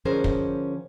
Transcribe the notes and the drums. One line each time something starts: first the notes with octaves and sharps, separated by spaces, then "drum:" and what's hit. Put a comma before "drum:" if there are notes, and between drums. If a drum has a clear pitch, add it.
D3 F3 C#4 G#4 A#4 C5
drum: kick